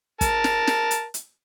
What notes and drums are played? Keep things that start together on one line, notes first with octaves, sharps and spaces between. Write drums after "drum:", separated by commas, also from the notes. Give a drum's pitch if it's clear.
A#4 A5, drum: kick, hi-hat
drum: snare
drum: snare
drum: hi-hat
drum: hi-hat